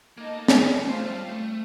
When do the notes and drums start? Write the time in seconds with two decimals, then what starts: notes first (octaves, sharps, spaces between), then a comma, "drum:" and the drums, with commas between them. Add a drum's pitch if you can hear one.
0.18 A#3 D#4 A4 D#5 A5
0.48 drum: snare
0.85 A3 F4 C5 F5 A5
1.06 G3
1.29 A3